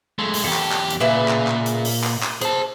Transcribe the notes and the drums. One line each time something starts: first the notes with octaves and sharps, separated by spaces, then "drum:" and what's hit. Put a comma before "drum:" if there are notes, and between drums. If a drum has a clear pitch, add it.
G#3 A3
drum: open hi-hat
E2 G4 A4
drum: clap
drum: clap
drum: hi-hat
A#2 C#3 B4 E5
drum: clap
drum: clap
drum: hi-hat
drum: open hi-hat
drum: clap
drum: clap
G#4 C5 A5, drum: hi-hat